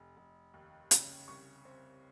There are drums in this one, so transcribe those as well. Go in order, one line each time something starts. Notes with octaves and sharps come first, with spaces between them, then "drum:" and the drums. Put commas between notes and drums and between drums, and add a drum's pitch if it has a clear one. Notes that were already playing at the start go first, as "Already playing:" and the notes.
Already playing: F1
F1
D#2
C#3, drum: hi-hat
C2 C#6
C4